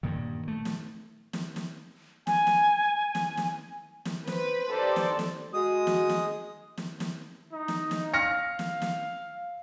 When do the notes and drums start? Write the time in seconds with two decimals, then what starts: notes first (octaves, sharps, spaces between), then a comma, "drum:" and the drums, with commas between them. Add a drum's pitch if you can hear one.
0.03 G2 A#2 D#3
0.48 A3
0.65 drum: snare
1.33 drum: snare
1.56 drum: snare
2.27 G#5, drum: snare
2.47 drum: snare
3.15 drum: snare
3.37 drum: snare
4.05 drum: snare
4.27 B4 C5, drum: snare
4.70 D#4 G4 A4 C5 D5
4.96 drum: snare
5.19 drum: snare
5.54 G#3 F#4 D#6
5.87 drum: snare
6.09 drum: snare
6.78 drum: snare
7.00 drum: snare
7.53 D#4
7.68 drum: snare
7.91 drum: snare
8.14 F5 F6 A#6 C#7
8.59 drum: snare
8.82 drum: snare